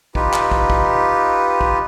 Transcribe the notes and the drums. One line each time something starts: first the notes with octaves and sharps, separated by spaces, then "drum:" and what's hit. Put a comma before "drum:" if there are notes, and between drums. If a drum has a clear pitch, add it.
D#4 F4 G4 B4, drum: kick
drum: clap
drum: kick
drum: kick
drum: kick